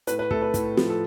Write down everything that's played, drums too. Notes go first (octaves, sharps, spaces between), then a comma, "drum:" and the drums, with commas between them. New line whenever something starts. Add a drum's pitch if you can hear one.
A2 B4, drum: hi-hat
B4
A3 A4, drum: kick
B4
A2, drum: kick, hi-hat
F3, drum: snare
A4